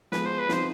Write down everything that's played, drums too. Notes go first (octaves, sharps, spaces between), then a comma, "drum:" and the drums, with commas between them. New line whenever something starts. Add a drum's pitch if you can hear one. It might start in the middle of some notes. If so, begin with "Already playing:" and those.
F3 G#3 B3 B4, drum: snare
C5
B4
F3 C4 D#4 C5, drum: snare